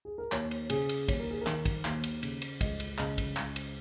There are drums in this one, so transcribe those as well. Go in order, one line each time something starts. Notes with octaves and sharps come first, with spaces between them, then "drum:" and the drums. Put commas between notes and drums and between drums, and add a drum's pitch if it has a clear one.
G#4
A#4
D#2 C#5, drum: clap
drum: cymbal
C#3 G#4, drum: cymbal
drum: cymbal
D#2 C#5, drum: kick, cymbal
A#4
G#4
A#4
D#3, drum: clap
drum: kick, cymbal
D#2, drum: clap
drum: cymbal
C#3, drum: cymbal
drum: cymbal
C#2 D#5, drum: kick, cymbal
drum: cymbal
C#3 D#5, drum: clap
drum: kick, cymbal
C#2, drum: clap
drum: cymbal